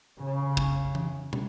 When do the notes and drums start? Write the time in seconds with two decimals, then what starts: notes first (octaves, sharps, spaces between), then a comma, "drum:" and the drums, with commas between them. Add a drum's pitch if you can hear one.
0.19 C#3
0.57 drum: kick
0.95 drum: tom E3
1.33 drum: tom